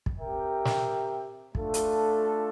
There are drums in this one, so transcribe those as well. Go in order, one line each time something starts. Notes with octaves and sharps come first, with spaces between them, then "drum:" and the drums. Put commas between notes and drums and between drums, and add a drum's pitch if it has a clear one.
drum: kick
C4 G4 A#4 E5 G5
drum: snare
A3 D4 F4 A4, drum: kick
drum: hi-hat